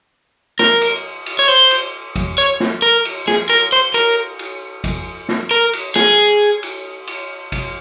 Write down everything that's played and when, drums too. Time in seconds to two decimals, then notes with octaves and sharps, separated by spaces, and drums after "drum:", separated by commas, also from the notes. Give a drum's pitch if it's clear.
0.59 A#4, drum: snare
0.81 drum: cymbal
1.26 drum: cymbal
1.39 C#5
1.48 C5
1.71 drum: cymbal
2.16 drum: kick G#1, cymbal
2.38 C#5
2.60 drum: snare
2.82 A#4
3.05 drum: cymbal
3.28 G#4, drum: snare
3.49 A#4, drum: cymbal
3.72 C5
3.94 A#4, drum: cymbal
4.39 drum: cymbal
4.84 drum: kick G#1, cymbal
5.29 drum: snare
5.51 A#4
5.73 drum: cymbal
5.96 G#4, drum: snare
6.63 drum: cymbal
7.07 drum: cymbal
7.52 drum: kick G#1, cymbal